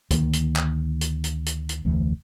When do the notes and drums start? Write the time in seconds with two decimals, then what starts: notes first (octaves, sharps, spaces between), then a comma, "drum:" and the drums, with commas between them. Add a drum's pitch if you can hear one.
0.11 D2 D#3 A#3, drum: kick, hi-hat
0.33 drum: hi-hat
0.56 drum: clap
1.01 drum: hi-hat
1.24 drum: hi-hat
1.46 drum: hi-hat
1.69 drum: hi-hat
1.85 F1 D2 E3 A3